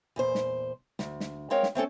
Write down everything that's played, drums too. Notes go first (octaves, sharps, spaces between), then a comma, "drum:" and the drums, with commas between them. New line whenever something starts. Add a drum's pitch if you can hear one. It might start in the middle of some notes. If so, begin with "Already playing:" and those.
E2 A#2 C5
drum: snare
D2, drum: snare
drum: snare
G#3 C4 A#4 C#5 F5 G5
drum: snare
A3 C4 C#4 A4